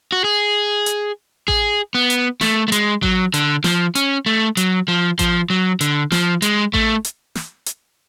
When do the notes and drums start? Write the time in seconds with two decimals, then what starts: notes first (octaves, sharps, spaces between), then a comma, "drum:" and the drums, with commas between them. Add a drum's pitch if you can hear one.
0.12 F#4
0.24 G#4
0.86 drum: hi-hat
1.48 G#4, drum: kick A1
1.95 B3
2.10 drum: hi-hat
2.41 A3, drum: snare
2.68 A3
2.72 G#3, drum: hi-hat
3.03 F#3, drum: kick A1
3.34 D3, drum: hi-hat
3.64 F3, drum: snare
3.95 C#4, drum: hi-hat
4.26 A3
4.57 F#3, drum: hi-hat
4.88 F3
5.19 F3, drum: kick A1, hi-hat
5.50 F#3
5.81 D3, drum: hi-hat
6.12 F3, drum: snare
6.42 G#3, drum: hi-hat
6.73 A3, drum: kick A1
7.04 drum: hi-hat
7.35 drum: snare
7.66 drum: hi-hat